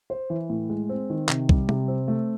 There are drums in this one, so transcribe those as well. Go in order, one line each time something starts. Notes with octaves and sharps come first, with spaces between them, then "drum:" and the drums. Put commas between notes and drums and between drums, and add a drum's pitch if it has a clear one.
C5
E3
A2
G#3
C4
D#3
C3, drum: clap
G3, drum: kick B1
C3, drum: tom G3
C4
A3